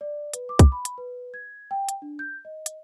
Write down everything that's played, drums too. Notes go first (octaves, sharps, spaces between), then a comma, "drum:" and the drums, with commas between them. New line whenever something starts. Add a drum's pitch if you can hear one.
D5
B4, drum: hi-hat
D6
drum: kick, hi-hat
B5
drum: hi-hat
B4
G#6
G5
drum: hi-hat
D4
G6
D#5
drum: hi-hat